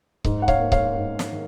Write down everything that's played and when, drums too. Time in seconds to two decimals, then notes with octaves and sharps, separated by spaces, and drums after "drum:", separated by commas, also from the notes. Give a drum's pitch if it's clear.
0.24 G#2, drum: kick C#1
0.42 F#5
0.48 C#5 F5, drum: kick C#1
0.59 A#3
0.72 C#5 F5, drum: kick C#1
0.96 G#2
1.19 drum: snare
1.31 D#3